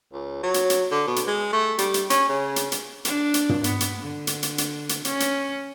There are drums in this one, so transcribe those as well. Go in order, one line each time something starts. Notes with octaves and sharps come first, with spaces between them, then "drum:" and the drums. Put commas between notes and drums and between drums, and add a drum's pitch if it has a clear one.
C#2
F#3
drum: hi-hat
drum: hi-hat
D3
B2
drum: hi-hat
G#3
A3
G3, drum: hi-hat
drum: hi-hat
C#4, drum: hi-hat
C#3
drum: hi-hat
drum: hi-hat
D4, drum: hi-hat
drum: hi-hat
drum: tom
B3, drum: hi-hat
drum: hi-hat
D3
drum: hi-hat
drum: hi-hat
drum: hi-hat
drum: hi-hat
C#4, drum: hi-hat
drum: hi-hat